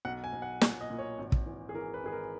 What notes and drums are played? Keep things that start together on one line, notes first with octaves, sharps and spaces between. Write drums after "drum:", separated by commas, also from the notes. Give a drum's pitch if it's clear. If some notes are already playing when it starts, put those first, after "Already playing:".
B1 F#5
G#5
B1
F#5
A#2 F#5, drum: snare
D#5
A#2
C#5
G#1
drum: kick
E3
G#4
E3 A#4
B4
G#1 G#4
A#4